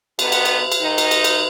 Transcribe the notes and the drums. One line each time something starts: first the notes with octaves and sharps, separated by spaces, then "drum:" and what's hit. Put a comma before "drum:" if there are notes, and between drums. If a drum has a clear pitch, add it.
D3 D#3 B3, drum: cymbal
drum: cymbal
drum: cymbal
drum: cymbal
D#3 D#4
drum: cymbal
drum: cymbal
drum: cymbal